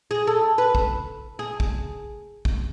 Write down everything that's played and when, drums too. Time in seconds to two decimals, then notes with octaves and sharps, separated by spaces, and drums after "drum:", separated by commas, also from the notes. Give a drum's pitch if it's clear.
0.11 G#4
0.27 A4
0.58 B4
0.75 drum: kick
1.39 G#4
1.60 drum: kick
2.45 drum: kick